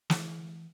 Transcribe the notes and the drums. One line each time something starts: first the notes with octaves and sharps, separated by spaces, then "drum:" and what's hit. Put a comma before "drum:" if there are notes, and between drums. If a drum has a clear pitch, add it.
E3, drum: snare